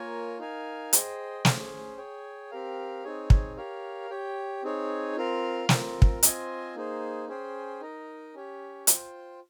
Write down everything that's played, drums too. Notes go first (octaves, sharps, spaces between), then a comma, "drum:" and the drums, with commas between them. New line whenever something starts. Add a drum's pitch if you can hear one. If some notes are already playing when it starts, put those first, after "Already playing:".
Already playing: A#3 F4 A#4 C#5 G#5
D#4 A#4 F5 G#5
G#4 C5 D#5 G5, drum: hi-hat
C#4 G#4 C5, drum: snare
G#4 C#5 G5
C4 G4 A#4 F5
C4 D#4 G#4 C#5
drum: kick
G4 A#4 C#5 F5
G4 C#5 G5
C4 D#4 G#4 C#5
C4 F4 A#4 F5
C4 F4 A#4, drum: snare
drum: kick
C4 F4 C5 D#5 G#5, drum: hi-hat
A#3 D#4 G#4 C5
C#4 G#4 C5 G5
D#4 A#4 D#5
C#4 G4 C#5
F4 C5 G5, drum: hi-hat